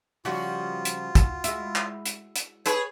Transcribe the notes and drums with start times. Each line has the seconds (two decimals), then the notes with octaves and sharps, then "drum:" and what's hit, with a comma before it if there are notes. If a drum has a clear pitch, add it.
0.25 C#3 F3 G3 F4 F#4
0.85 drum: hi-hat
1.15 drum: kick, hi-hat
1.44 G#3 E4, drum: hi-hat
1.75 drum: clap
2.06 drum: hi-hat
2.36 drum: hi-hat
2.66 G#4 B4 C#5, drum: hi-hat